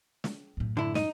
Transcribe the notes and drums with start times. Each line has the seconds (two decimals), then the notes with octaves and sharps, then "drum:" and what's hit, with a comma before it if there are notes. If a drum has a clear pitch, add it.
0.24 drum: snare
0.57 F#2 A2
0.77 D3 E4
0.95 D#4, drum: snare